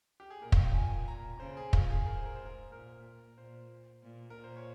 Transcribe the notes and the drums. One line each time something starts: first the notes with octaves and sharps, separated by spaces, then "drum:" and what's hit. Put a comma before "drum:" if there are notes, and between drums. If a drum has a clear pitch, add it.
G4
G#4
A#2 A#4
F5, drum: kick
G5
G#5
G#5
A#5
C#3 C5
G#4
F4, drum: kick
G#4
A#4
C5
A#4
G#2 C5
A#4
A#2 A#4
A#2 C5
A#2
A#2 A#4
C5
C#5